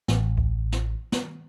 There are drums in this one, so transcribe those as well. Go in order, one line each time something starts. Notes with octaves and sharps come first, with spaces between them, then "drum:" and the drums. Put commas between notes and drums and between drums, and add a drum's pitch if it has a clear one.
A1, drum: snare
drum: kick C#2
drum: snare
drum: snare